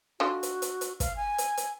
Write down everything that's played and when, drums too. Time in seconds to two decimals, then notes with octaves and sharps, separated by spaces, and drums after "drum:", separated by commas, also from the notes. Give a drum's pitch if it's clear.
0.20 D3 G#3 F4 F#4
0.43 drum: hi-hat
0.62 drum: hi-hat
0.81 drum: hi-hat
1.00 F5, drum: kick, hi-hat
1.16 G#5
1.38 drum: hi-hat
1.57 drum: hi-hat